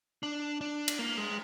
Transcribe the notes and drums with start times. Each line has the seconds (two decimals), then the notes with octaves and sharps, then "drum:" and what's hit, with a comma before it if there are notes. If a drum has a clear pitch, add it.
0.23 D4
0.61 D4
0.88 drum: cymbal
0.99 A#3
1.18 G#3